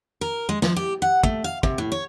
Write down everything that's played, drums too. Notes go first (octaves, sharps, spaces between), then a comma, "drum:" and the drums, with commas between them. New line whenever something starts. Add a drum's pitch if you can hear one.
A#4
G#3
F3, drum: snare
G4
F#5
A3, drum: kick
F5
C3, drum: kick
A2
C#5